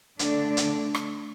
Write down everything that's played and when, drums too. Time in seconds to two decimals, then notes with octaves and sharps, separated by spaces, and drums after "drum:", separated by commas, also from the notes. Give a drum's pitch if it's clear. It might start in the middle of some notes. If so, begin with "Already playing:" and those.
0.19 D3 A3 D4, drum: hi-hat
0.57 drum: hi-hat
0.95 drum: rim click